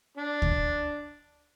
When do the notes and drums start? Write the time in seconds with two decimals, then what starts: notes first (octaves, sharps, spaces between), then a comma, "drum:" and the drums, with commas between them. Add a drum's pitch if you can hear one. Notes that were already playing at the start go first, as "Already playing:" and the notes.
0.17 D4
0.42 drum: kick D2